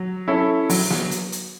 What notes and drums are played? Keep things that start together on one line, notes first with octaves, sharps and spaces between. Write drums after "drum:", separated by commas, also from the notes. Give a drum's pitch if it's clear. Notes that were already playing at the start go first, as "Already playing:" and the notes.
Already playing: F#3
C#4 E4 A4 C#5
F#3, drum: open hi-hat
drum: snare
drum: hi-hat
drum: hi-hat